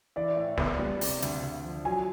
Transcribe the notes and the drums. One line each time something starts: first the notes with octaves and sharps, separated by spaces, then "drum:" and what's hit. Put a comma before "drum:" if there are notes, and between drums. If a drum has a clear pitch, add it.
E3 D5
A2
B3, drum: snare
G3
C3, drum: open hi-hat
D2, drum: hi-hat
D2
F3
F#3 G#5